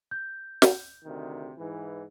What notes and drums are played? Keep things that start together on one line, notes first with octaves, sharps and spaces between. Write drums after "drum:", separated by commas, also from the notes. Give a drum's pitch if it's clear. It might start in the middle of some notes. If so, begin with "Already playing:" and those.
G6
drum: snare
D2 C3 D#3
G#2 E3